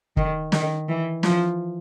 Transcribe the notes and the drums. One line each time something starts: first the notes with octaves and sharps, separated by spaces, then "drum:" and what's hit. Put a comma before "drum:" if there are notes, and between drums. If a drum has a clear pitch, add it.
D#3, drum: kick
D#3, drum: snare
E3
F3, drum: snare